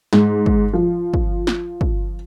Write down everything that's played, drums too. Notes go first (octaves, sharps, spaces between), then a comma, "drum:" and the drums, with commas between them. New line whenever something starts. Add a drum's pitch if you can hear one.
G#2, drum: snare
drum: kick
F3
drum: kick
drum: snare
drum: kick